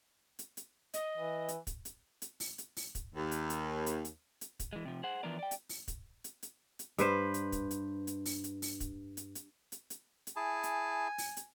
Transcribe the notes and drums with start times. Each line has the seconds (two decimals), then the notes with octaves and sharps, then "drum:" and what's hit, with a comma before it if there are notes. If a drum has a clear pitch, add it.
0.39 drum: hi-hat
0.57 drum: hi-hat
0.94 D#5, drum: hi-hat
1.17 E3
1.48 drum: hi-hat
1.67 drum: kick, hi-hat
1.85 drum: hi-hat
2.22 drum: hi-hat
2.40 drum: open hi-hat
2.58 drum: hi-hat
2.77 drum: open hi-hat
2.95 drum: kick, hi-hat
3.15 D#2
3.31 drum: hi-hat
3.50 drum: hi-hat
3.86 drum: hi-hat
4.05 drum: hi-hat
4.41 drum: hi-hat
4.60 drum: kick, hi-hat
4.73 E3 G#3
4.85 C3 F3
5.03 G#4 C5 F#5
5.23 E3 F3 B3 D4 A#4 D5
5.39 D5 G5
5.51 drum: hi-hat
5.69 drum: open hi-hat
5.88 drum: kick, hi-hat
6.24 drum: hi-hat
6.43 drum: hi-hat
6.79 drum: hi-hat
6.98 G2 B4 C5, drum: hi-hat
7.34 drum: hi-hat
7.52 drum: kick, hi-hat
7.71 drum: hi-hat
8.07 drum: hi-hat
8.25 drum: open hi-hat
8.44 drum: hi-hat
8.62 drum: open hi-hat
8.80 drum: kick, hi-hat
9.17 drum: hi-hat
9.35 drum: hi-hat
9.72 drum: hi-hat
9.90 drum: hi-hat
10.27 drum: hi-hat
10.36 E4 G#4 G#5 A5
10.63 drum: hi-hat
11.18 drum: open hi-hat
11.37 drum: hi-hat